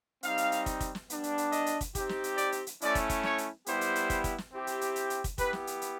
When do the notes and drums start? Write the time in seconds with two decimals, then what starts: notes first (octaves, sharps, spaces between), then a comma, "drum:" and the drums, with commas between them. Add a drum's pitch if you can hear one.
0.23 G3 C4 D#4 F5, drum: hi-hat
0.38 drum: hi-hat
0.52 drum: hi-hat
0.66 drum: kick, hi-hat
0.80 drum: kick, hi-hat
0.95 drum: snare
1.10 G3 B3 D4, drum: hi-hat
1.23 drum: hi-hat
1.38 drum: hi-hat
1.52 D#5, drum: hi-hat
1.66 drum: hi-hat
1.81 drum: kick, hi-hat
1.95 C4 D#4 G4, drum: kick, hi-hat
2.09 drum: snare
2.24 drum: hi-hat
2.38 D5, drum: hi-hat
2.52 drum: hi-hat
2.67 drum: hi-hat
2.81 A3 C#4 E4 D5, drum: hi-hat
2.95 drum: kick, hi-hat
3.10 drum: kick, hi-hat
3.23 C#5, drum: snare
3.38 drum: hi-hat
3.66 G3 B3 E4 G4 C5, drum: hi-hat
3.81 drum: hi-hat
3.95 drum: hi-hat
4.10 drum: kick, hi-hat
4.24 drum: kick, hi-hat
4.38 drum: snare
4.53 C4 E4 G4
4.67 drum: hi-hat
4.81 drum: hi-hat
4.96 drum: hi-hat
5.10 drum: hi-hat
5.24 drum: kick, hi-hat
5.38 B3 E4 G4 B4, drum: kick, hi-hat
5.53 drum: snare
5.67 drum: hi-hat
5.82 drum: hi-hat